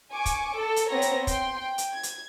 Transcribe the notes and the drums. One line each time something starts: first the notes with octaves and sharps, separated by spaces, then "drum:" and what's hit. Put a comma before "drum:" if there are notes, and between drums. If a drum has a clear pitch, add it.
G#5 C#6 D6
drum: kick, hi-hat
A4 A5
drum: hi-hat
B3 C4 C#5 A#5 A#6
drum: hi-hat
G5 C6, drum: kick, hi-hat
G5
drum: hi-hat
G#6
drum: hi-hat